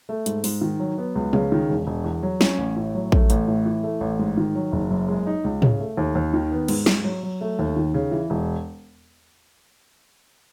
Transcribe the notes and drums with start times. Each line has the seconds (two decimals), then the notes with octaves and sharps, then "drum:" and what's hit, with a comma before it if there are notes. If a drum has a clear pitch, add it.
0.09 A3
0.26 G#2, drum: hi-hat
0.44 G#2, drum: open hi-hat
0.61 D#3
0.80 F#3
0.98 B3
1.15 C#2
1.33 C#3, drum: tom
1.52 D#3
1.69 E1
1.87 E1
2.04 E2
2.23 F#3
2.41 C#4, drum: snare
2.58 A1
2.76 A2
2.95 F#3
3.12 A3, drum: kick A1
3.30 A1, drum: hi-hat
3.48 A2
3.66 E3
3.83 A3
4.01 A1
4.19 G#2
4.38 D#3
4.55 F#3
4.73 F#1
4.90 F#2
5.08 G#3
5.27 D#4
5.44 C#2
5.62 C#3, drum: tom
5.80 A3
5.97 D#2
6.15 D#2
6.34 D#3
6.52 B3
6.68 G#2, drum: cymbal
6.86 G#2, drum: snare
7.04 F#3
7.23 F#3
7.41 A3
7.59 D#2
7.76 D#3
7.94 C#3
8.12 E3
8.30 E1